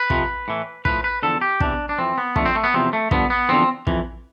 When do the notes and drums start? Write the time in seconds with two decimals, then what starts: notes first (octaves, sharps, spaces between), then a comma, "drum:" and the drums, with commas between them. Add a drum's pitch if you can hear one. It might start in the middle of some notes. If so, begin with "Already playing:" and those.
Already playing: B4
0.10 F2 C3 F3, drum: kick
0.48 A2 E3
0.85 A2 F3 B4, drum: kick
1.04 B4
1.22 E2 D3 F3 A4
1.41 G4
1.60 E2 C3 E3 D4, drum: kick
1.89 D4
1.98 F2 E3 C4
2.18 B3
2.36 F2 D3 F3 A3, drum: kick
2.45 C4
2.55 A3
2.64 B3
2.74 E2 C3 F3 C4
2.93 A3
3.11 G2 D3 F3 B3, drum: kick
3.30 B3
3.49 E2 D3 F3 C4
3.87 F2 E3, drum: kick